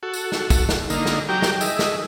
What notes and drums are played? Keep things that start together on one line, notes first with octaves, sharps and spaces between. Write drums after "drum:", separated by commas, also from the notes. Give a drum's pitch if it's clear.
F#4 A4
drum: tambourine
drum: snare
drum: kick, tambourine
drum: snare
D3 A#3 D#4, drum: tambourine
drum: snare
F#3 G4 G5 A#5
drum: snare
G#4 D#5 E5, drum: tambourine
drum: snare